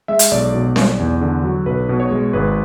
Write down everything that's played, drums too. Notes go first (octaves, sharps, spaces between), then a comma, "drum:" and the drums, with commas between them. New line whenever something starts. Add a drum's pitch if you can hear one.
G#3 E5
drum: hi-hat
B1 D5
B2
B1, drum: snare C4
E2
D3
F#3
B1 B4
B2
C#5
G#3
G#1 B4